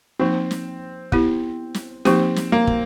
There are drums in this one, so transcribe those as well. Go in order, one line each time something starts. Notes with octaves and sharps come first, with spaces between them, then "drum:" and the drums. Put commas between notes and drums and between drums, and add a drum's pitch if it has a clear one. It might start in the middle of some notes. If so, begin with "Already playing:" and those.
F3 A#3 C4 D#4
drum: snare
B3 E4 G4, drum: kick
drum: snare
F3 A#3 C4 D#4 G4, drum: snare
drum: snare
A#3
drum: kick